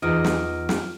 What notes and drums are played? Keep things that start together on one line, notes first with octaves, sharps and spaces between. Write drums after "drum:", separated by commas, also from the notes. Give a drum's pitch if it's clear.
E2 D#4 F4 D#5 F6 D7
drum: snare
drum: snare